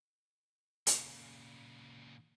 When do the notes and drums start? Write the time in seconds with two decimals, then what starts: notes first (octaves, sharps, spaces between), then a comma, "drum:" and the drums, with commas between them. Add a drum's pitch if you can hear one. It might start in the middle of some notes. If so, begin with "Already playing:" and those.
0.87 A#2 C#3, drum: hi-hat